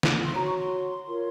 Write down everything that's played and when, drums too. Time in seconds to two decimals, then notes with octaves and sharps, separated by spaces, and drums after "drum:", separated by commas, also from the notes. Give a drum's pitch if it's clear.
0.03 drum: snare
0.23 C6
0.34 F#4 C#5 A#5
0.46 C#6
0.58 C6
1.06 F4 A#4 C#5